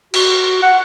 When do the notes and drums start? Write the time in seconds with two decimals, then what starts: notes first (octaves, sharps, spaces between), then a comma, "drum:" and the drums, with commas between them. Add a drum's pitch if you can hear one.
0.14 F#4, drum: cymbal
0.63 F#5